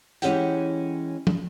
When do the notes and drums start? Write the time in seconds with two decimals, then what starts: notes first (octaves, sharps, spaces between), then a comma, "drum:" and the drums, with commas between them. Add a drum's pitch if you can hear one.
0.22 E3 G#3 C#4 G4 F#5 G5, drum: hi-hat
1.27 drum: tom